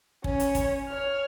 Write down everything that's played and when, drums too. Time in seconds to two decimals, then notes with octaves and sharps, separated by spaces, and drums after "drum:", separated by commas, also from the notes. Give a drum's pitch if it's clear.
0.24 C#4 C#5, drum: kick
0.40 drum: hi-hat
0.55 drum: kick, hi-hat
0.88 C#5 F6